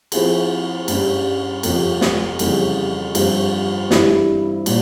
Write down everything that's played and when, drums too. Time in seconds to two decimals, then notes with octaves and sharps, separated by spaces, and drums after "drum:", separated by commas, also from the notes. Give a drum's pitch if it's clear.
0.12 F3 C4 E4 G#4, drum: cymbal
0.88 G2 G3 C#4, drum: cymbal
1.63 F2 C3 F3, drum: cymbal
2.01 drum: snare
2.39 F2 C#3 E3 G3, drum: cymbal
3.15 G2 F3 C4 F4, drum: cymbal
3.91 G2 E3 G3 C4 E4, drum: snare
4.66 A#2 G3, drum: cymbal